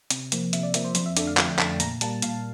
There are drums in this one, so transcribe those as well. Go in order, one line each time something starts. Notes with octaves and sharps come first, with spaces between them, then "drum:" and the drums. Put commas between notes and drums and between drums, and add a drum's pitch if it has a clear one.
C3, drum: hi-hat
F3 A#3, drum: hi-hat
C3 E5, drum: hi-hat
D5
F3 A#3 E5, drum: hi-hat
C5
F2 C5, drum: hi-hat
E5
D3 A3 D5, drum: hi-hat
F5
F2 G5, drum: clap
D3 A3 A5, drum: clap
A#2 A#5, drum: hi-hat
G3 A#3 A5, drum: hi-hat
A#2 F5, drum: hi-hat